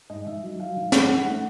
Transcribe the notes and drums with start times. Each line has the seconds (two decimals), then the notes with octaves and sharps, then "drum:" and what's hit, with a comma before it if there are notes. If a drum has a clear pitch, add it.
0.09 G#2 D#5
0.26 D#3 E5
0.43 F#3
0.59 F#3 F5
0.76 D#3
0.92 A3 F#5, drum: snare
1.08 D#3
1.25 A3 F#5